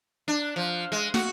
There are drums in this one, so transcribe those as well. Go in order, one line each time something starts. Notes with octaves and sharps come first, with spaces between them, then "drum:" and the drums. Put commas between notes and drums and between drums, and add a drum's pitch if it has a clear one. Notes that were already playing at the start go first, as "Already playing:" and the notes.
D4
F3
G#3
F#4, drum: snare